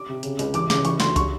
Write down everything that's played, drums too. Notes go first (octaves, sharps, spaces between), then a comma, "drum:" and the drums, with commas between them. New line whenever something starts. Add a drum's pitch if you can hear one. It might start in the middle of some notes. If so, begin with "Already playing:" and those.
Already playing: D6
C3
C#3, drum: hi-hat
C#2, drum: hi-hat
E3 D6, drum: hi-hat
C#3 D6, drum: snare
E3 C#6, drum: hi-hat
D2 C6, drum: snare
C#6, drum: kick, hi-hat